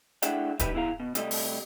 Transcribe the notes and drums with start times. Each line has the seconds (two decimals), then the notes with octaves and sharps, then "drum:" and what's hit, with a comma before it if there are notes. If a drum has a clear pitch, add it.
0.22 A2 D4 G#4 E5 F#5 G5, drum: hi-hat
0.59 D#3 G3 D#4 G4 B4 E5, drum: kick, hi-hat
0.74 E2 E4 G#4 F5 A#5
1.00 B2
1.15 C3 G3 A3 D#5, drum: hi-hat
1.31 drum: open hi-hat